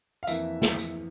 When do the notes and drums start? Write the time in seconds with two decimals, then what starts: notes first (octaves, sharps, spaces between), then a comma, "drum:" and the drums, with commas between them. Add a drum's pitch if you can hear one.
0.23 F5
0.27 F2 E3 A#3 E5, drum: tambourine
0.62 drum: snare
0.79 drum: tambourine